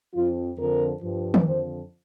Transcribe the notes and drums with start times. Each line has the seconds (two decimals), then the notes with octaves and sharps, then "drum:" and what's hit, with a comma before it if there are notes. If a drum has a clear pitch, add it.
0.14 F2 F3 F4
0.58 F2 D3 F3 A#4
1.02 G2 F3
1.34 drum: tom D#3
1.46 F2 D3 F3 C5